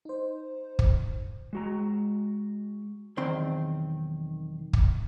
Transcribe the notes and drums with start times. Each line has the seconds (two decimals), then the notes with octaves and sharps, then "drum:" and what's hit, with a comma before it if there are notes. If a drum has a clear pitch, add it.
0.05 D#4 C5
0.79 drum: kick
1.53 G#3 F#4 A#5
3.17 B1 E2 D#3 C4 C6
4.73 drum: kick